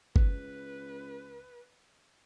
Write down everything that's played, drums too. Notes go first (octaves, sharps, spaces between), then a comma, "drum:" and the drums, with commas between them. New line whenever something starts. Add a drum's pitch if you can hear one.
C#2 B4, drum: kick